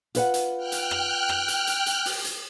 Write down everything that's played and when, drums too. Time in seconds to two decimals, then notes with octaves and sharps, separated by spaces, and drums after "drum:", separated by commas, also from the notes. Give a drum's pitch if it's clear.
0.15 F4 B4 F#5, drum: hi-hat
0.34 drum: hi-hat
0.56 G5 F6 F#6
0.72 drum: hi-hat
0.91 drum: rim click
1.29 drum: rim click
1.48 drum: hi-hat
1.67 drum: hi-hat
1.86 drum: hi-hat
2.05 drum: open hi-hat
2.24 drum: hi-hat